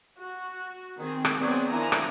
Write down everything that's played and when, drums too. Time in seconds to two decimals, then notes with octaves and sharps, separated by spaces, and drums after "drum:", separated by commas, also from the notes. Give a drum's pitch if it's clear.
0.19 F#4
0.98 D#3 C4 G#4
1.25 drum: rim click
1.38 F#3 B3 C4 G#4 C#5 D5
1.69 D#3 F3 D4 E4 G#5 A#5
1.92 drum: rim click